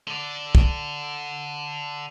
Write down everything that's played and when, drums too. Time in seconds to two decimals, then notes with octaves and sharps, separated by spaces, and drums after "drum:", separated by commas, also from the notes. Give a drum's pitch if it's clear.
0.07 D3 D5
0.55 drum: kick